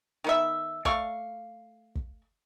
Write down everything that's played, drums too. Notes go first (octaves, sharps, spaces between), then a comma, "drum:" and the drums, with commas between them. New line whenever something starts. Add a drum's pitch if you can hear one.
D#3 B3 E5
A3 D5 F5 C#6, drum: kick
drum: kick